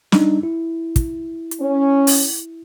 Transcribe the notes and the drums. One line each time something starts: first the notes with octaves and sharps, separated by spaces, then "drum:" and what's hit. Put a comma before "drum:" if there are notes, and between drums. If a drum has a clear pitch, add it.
G3 D4 D#4, drum: snare
E4
drum: kick, hi-hat
drum: hi-hat
C#4
drum: open hi-hat